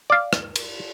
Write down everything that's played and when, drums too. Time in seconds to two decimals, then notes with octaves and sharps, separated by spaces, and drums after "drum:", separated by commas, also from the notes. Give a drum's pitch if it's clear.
0.10 D5 F5
0.33 drum: rim click
0.56 drum: cymbal